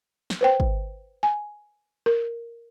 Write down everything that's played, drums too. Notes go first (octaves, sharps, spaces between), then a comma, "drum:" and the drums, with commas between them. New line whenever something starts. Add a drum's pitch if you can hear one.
drum: snare
B4 C5 G5
drum: kick G#1
G#5
A#4